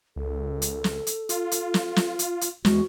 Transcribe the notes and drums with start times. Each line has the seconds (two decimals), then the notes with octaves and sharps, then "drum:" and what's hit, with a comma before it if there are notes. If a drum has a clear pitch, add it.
0.16 C#2 A4
0.62 drum: hi-hat
0.84 drum: snare
1.07 drum: hi-hat
1.29 F4, drum: hi-hat
1.51 drum: hi-hat
1.74 drum: snare
1.96 drum: snare
2.19 drum: hi-hat
2.41 drum: hi-hat
2.65 E2 G#3 F#4, drum: snare